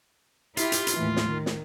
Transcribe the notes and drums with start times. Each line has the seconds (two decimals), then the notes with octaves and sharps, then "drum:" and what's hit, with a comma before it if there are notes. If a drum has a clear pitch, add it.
0.57 E4 F4 G4, drum: hi-hat
0.72 drum: hi-hat
0.87 drum: hi-hat
0.96 D#2 A2 E3
1.16 drum: snare
1.27 D#3
1.46 drum: snare